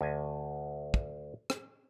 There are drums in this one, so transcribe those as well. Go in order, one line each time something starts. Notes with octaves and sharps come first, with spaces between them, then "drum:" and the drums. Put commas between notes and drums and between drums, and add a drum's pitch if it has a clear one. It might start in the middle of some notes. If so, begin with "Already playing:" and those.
D2 G#5
drum: kick
drum: rim click